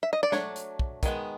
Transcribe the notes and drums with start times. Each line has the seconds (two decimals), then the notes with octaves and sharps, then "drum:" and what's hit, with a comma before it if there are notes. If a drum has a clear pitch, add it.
0.03 E5
0.13 D#5
0.23 D5
0.32 F#3 A3 D4 C#5, drum: snare
0.56 drum: hi-hat
0.79 drum: kick
1.03 D#3 G#3 B3, drum: kick, hi-hat